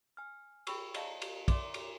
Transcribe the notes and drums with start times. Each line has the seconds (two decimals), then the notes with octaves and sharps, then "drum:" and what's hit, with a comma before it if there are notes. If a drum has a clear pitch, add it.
0.17 G#5 F6
0.67 G#4 G5 B5 C#6 E6, drum: cymbal
0.94 D5 D#5 F5 A5 A#5, drum: cymbal
1.22 drum: cymbal
1.48 D5 E5 C6 D6, drum: kick, cymbal
1.74 drum: cymbal